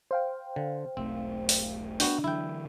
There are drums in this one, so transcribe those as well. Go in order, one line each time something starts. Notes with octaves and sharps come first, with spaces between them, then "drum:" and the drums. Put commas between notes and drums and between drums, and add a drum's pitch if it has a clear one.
C5 F5 G5
D3
E1 B1 A3 C4
drum: open hi-hat
B3 D4 F#4 G5, drum: open hi-hat
D3 E3 F#3 E4 G5